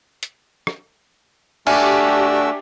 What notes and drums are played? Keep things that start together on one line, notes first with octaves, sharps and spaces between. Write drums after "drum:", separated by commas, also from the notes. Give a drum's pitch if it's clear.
drum: hi-hat
drum: rim click
A3 D4 F#4 G4 E5 G#5 E6 F6, drum: cymbal